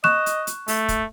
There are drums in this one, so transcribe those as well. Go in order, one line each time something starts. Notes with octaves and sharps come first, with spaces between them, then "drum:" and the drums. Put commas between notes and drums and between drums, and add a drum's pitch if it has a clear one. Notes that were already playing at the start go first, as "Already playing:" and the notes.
D#5 C#6 F#6 E7, drum: snare
drum: hi-hat
drum: hi-hat
A3, drum: open hi-hat
drum: kick, hi-hat